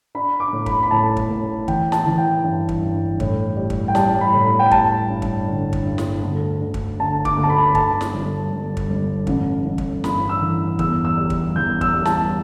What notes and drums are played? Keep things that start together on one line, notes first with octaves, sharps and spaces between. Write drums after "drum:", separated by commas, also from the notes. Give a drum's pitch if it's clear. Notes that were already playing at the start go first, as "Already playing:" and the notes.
D4 B5
D6
A2
B5, drum: kick
B5
A2 A5
drum: kick
A2
E3 G5, drum: kick
A5, drum: snare
E3
G5
G2
drum: kick
G2
A2, drum: kick
G3
drum: kick
G5
G3 A5, drum: snare
B5
A2
B5
G5
G3 A5, drum: kick
G2
drum: kick
D3
drum: kick
G2
drum: snare
D2
D3
drum: kick
D3 A5
D6, drum: kick
D2
A5
B5
G2 A5, drum: kick
drum: snare
G1
G1
drum: kick
G1
A1, drum: kick
A1
drum: kick
G2 B5, drum: snare
E6
E3
E2 E6, drum: kick
E6
G3
drum: kick
E2 G6
E6, drum: kick
G3
A5, drum: snare